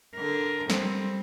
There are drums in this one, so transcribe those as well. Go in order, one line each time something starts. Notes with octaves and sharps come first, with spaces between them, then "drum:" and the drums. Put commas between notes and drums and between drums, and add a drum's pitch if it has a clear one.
D3 A#4
G3 C4, drum: snare